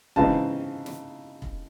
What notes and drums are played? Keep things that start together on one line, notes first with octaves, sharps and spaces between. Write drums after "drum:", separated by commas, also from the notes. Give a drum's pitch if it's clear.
C#3 E3 G#3 C4 D#4 A5, drum: kick
drum: snare
drum: kick